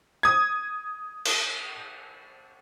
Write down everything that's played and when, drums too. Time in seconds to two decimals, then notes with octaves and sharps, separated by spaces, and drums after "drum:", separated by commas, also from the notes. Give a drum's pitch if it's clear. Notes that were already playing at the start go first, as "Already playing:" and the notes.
0.23 D#6 G#6
1.25 drum: cymbal